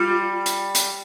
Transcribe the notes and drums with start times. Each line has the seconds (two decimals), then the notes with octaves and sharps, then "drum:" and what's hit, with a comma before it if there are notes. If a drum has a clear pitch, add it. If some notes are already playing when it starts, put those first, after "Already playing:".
Already playing: G3 F4
0.46 drum: hi-hat
0.75 drum: hi-hat